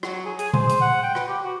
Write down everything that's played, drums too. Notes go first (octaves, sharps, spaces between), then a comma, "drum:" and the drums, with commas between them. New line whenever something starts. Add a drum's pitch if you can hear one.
F#3, drum: rim click
G#4
G#4, drum: hi-hat
C5, drum: tom A#2
drum: hi-hat
F#5
G5
B4, drum: rim click
G4
F#4